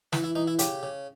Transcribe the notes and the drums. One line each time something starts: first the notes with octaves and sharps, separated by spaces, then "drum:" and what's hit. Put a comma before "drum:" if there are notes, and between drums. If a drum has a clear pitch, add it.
E3 B4, drum: snare
E4
E3 D#4
E4
C#3 G4, drum: hi-hat
C#3